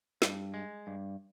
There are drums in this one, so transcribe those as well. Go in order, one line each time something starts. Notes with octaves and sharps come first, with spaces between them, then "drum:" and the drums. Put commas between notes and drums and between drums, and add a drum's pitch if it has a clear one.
G2, drum: snare
G#3
G2